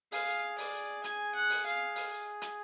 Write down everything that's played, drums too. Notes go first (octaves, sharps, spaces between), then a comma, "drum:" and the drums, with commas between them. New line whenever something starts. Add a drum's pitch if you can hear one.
G#4 F5, drum: open hi-hat
D5, drum: open hi-hat
G#5, drum: hi-hat
F#5
drum: open hi-hat
F5
drum: open hi-hat
drum: hi-hat